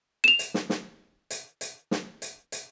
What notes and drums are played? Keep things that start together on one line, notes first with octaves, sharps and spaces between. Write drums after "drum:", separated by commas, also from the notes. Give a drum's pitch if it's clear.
E7 F7
drum: hi-hat
drum: snare
drum: snare
drum: hi-hat
drum: hi-hat
drum: snare
drum: hi-hat
drum: hi-hat